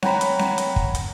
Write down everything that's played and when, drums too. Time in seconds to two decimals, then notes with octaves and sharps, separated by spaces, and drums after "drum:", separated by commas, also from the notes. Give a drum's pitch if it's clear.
0.02 C#5 F#5 G5 A#5 B5, drum: snare C4
0.21 drum: hi-hat
0.39 drum: snare C4
0.58 drum: hi-hat
0.76 drum: kick
0.95 drum: hi-hat